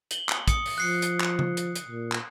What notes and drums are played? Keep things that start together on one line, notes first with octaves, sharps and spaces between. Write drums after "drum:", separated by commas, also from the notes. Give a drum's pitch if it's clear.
F#7 G7, drum: hi-hat
drum: clap
D#6 C#7, drum: kick, hi-hat
drum: open hi-hat
F3 F#6 C7 C#7
drum: hi-hat
drum: clap
drum: tom C#3
drum: hi-hat
drum: hi-hat
A#2
drum: clap